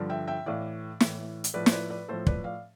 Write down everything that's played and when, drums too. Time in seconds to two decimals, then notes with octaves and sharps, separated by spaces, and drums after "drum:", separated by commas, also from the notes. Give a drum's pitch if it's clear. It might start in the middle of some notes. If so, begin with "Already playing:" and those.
Already playing: G2 D3 F3
0.10 E5 G5
0.27 E5 G5
0.46 A2 E3 D5 F5
1.00 A2 E3, drum: snare
1.44 drum: hi-hat
1.54 A2 F3 B4 D5
1.66 C5, drum: snare
1.72 B4 D5
1.90 B4 D5
2.08 A2 F3 A4 C5
2.27 B4 D5, drum: kick
2.44 D5 F5